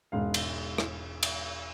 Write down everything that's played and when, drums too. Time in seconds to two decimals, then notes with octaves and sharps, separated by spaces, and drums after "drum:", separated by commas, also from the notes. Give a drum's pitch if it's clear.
0.12 E1 G#2 F5
0.34 drum: cymbal
0.78 drum: rim click
1.23 drum: cymbal